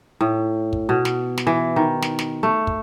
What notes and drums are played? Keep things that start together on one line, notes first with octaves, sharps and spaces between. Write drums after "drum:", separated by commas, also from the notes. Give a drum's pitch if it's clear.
A2
drum: kick
B2
drum: snare
drum: snare
E3
D#3
drum: snare
drum: snare
A3
drum: kick